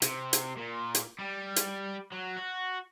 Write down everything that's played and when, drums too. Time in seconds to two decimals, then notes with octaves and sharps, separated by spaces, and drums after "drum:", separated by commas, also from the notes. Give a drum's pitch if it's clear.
0.02 C3, drum: hi-hat
0.33 drum: hi-hat
0.57 A#2
0.95 drum: hi-hat
1.19 G3
1.56 drum: hi-hat
2.12 F#3
2.37 F#4